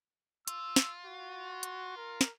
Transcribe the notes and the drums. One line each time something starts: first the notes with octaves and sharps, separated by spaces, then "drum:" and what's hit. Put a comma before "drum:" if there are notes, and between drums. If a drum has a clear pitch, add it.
F4 E6, drum: hi-hat
drum: snare
F#4
drum: hi-hat
A#4
drum: snare